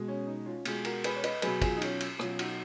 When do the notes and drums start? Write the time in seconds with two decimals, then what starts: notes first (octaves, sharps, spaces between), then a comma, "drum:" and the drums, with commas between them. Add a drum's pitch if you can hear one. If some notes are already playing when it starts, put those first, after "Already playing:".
Already playing: B2 G#3
0.08 C#4
0.27 D#4
0.46 C#4 F4
0.65 B2 G#3 F4 G#4, drum: cymbal
0.85 F#4 A#4, drum: cymbal
1.04 G#4 B4, drum: cymbal
1.16 C#5
1.24 B4 D#5, drum: cymbal
1.42 B2 F#3 G#4 B4, drum: cymbal
1.62 F4 G#4, drum: kick, cymbal
1.77 D#4
1.82 C#4 F4, drum: cymbal
2.01 drum: cymbal
2.19 B2 F#3 C#4 F4, drum: rim click
2.39 D#4 F#4, drum: cymbal